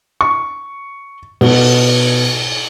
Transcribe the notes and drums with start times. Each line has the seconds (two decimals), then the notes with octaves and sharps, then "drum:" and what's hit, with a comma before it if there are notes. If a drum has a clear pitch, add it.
0.21 C#6
1.41 B2, drum: cymbal